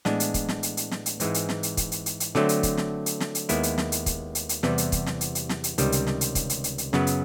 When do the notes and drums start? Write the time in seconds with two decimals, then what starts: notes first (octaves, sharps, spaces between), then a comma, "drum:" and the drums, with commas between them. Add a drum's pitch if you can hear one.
0.05 A2 E3 G#3 B3 D4, drum: snare
0.20 drum: hi-hat
0.34 drum: kick, hi-hat
0.48 drum: snare
0.63 drum: hi-hat
0.77 drum: hi-hat
0.91 drum: snare
1.06 drum: hi-hat
1.20 G#2 E3 G#3 C4, drum: hi-hat
1.34 drum: hi-hat
1.49 drum: snare
1.63 drum: hi-hat
1.77 drum: kick, hi-hat
1.92 drum: hi-hat
2.06 drum: hi-hat
2.20 drum: hi-hat
2.35 D3 F#3 A3 C4, drum: snare
2.49 drum: hi-hat
2.63 drum: kick, hi-hat
2.77 drum: snare
3.06 drum: hi-hat
3.20 drum: snare
3.35 drum: hi-hat
3.49 D#2 D#3 G#3 B3 E4, drum: hi-hat
3.63 drum: hi-hat
3.78 drum: snare
3.92 drum: hi-hat
4.06 drum: kick, hi-hat
4.35 drum: hi-hat
4.49 drum: hi-hat
4.63 E2 C3 E3 G3 B3, drum: snare
4.78 drum: hi-hat
4.92 drum: kick, hi-hat
5.06 drum: snare
5.21 drum: hi-hat
5.35 drum: hi-hat
5.49 drum: snare
5.64 drum: hi-hat
5.78 C#2 C3 D#3 G3, drum: hi-hat
5.92 drum: hi-hat
6.07 drum: snare
6.21 drum: hi-hat
6.35 drum: kick, hi-hat
6.49 drum: hi-hat
6.64 drum: hi-hat
6.78 drum: hi-hat
6.93 F#2 C#3 F#3 B3, drum: snare
7.07 drum: hi-hat